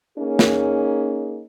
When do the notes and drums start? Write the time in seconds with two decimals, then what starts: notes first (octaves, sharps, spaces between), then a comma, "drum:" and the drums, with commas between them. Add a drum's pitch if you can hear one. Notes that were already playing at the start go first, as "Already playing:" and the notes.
0.18 A#3 C#4 D#4 G#4
0.39 drum: snare